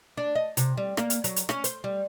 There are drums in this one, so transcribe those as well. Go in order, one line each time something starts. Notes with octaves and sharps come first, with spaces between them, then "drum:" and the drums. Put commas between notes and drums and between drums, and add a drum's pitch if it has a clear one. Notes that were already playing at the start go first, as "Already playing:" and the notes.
D4
D#5
C3, drum: hi-hat
G3
A#3, drum: rim click
drum: hi-hat
F#3, drum: hi-hat
drum: hi-hat
C#4, drum: rim click
C5, drum: hi-hat
G3